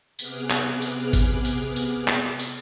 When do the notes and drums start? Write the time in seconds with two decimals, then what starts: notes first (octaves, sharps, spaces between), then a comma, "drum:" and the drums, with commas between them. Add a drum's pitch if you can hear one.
0.19 C3 B3 G#4 D6 F6 F#6, drum: tambourine
0.50 drum: clap
0.82 drum: tambourine
1.13 drum: kick, tambourine
1.45 drum: tambourine
1.76 drum: tambourine
2.08 drum: clap
2.39 drum: tambourine